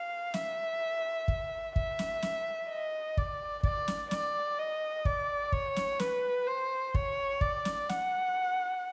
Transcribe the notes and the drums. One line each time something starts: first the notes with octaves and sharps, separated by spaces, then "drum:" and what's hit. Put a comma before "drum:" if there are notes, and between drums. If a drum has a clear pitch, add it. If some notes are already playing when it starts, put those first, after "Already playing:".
Already playing: F5
E5, drum: snare
drum: kick
E5, drum: kick
drum: snare
drum: snare
D#5
D5, drum: kick
D5, drum: kick
drum: snare
D5, drum: snare
D#5
D5, drum: kick
C#5, drum: kick
drum: snare
B4, drum: snare
C5
C#5, drum: kick
D5, drum: kick
drum: snare
F#5, drum: snare